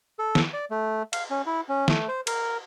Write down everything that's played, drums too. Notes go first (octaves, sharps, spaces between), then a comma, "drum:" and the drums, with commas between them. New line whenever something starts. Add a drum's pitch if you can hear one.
A4
drum: snare
D5
A3
F5, drum: cymbal
C#4
E4
C#4
A3, drum: snare
C5
A#4, drum: cymbal